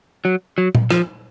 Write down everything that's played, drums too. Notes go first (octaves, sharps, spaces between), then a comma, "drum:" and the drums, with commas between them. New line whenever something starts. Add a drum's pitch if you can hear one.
F#3
F#3
drum: tom A#2
F3, drum: rim click